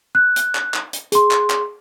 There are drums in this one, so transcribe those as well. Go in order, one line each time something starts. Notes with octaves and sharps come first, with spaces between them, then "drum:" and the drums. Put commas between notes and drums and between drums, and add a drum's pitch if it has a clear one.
F#6
drum: hi-hat
drum: clap
drum: clap
drum: hi-hat
G#4 C6, drum: hi-hat
drum: clap
drum: clap